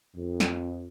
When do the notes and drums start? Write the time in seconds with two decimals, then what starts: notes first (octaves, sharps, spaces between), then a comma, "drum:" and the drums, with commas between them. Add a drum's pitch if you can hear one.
0.17 F2
0.40 drum: snare